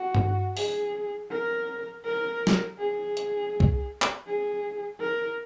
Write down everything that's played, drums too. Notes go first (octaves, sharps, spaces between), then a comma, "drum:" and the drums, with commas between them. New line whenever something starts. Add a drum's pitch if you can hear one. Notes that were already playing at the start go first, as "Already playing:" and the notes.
Already playing: F#4
drum: tom G2
G#4, drum: open hi-hat
A#4
A#4
drum: snare
G#4
drum: hi-hat
drum: kick
drum: clap
G#4
A#4